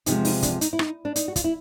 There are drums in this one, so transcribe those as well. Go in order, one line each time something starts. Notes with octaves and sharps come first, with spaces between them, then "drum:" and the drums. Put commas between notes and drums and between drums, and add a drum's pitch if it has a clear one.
E2 C3 F3 G#3 D#4, drum: hi-hat
D#4, drum: open hi-hat
D4, drum: kick, hi-hat
D#4, drum: hi-hat
E4
D#4, drum: rim click
D4
D#4, drum: hi-hat
F#4
F4, drum: kick, hi-hat
E4